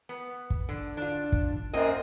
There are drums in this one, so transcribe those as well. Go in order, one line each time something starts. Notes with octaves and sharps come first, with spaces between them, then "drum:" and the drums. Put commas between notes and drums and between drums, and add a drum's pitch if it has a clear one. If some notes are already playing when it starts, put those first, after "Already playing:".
B3
drum: kick
D3
D4 F4
drum: kick
F#2 A#3 C4 D#5